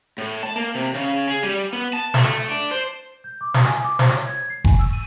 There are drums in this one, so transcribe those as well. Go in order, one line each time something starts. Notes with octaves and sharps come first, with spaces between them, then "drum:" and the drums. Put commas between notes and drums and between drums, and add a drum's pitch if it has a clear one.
A2
A5
A#3
C3
C#3
G#4
G3
B3
A5
A3, drum: snare
D4
C5
G6
D6
D#6, drum: snare
G#5
D6
C5, drum: snare
C#5
G#6
C7
G#5, drum: kick F1
E6
D#7